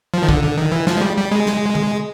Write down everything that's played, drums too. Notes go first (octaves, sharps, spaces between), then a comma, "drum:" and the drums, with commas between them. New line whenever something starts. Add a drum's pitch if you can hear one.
F3
D#3
D3, drum: kick
D3
D#3
E3
F3, drum: snare
G#3
G3
G3
G#3
drum: snare
drum: tom D3